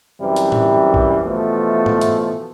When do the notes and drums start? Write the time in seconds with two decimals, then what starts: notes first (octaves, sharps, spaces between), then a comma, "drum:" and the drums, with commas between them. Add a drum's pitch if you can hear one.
0.20 F#2 C3 E3 G3
0.36 drum: hi-hat
0.52 drum: tom A2
0.94 drum: kick A#1
1.25 B2 E3 F3 A3
1.86 drum: tom G#2
2.01 drum: hi-hat